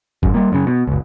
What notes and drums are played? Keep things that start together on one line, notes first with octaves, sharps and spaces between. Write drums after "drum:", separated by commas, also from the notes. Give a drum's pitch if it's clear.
G#1 F#2, drum: kick
G3 A#3
F#2 C#3
B2
F#1 C#2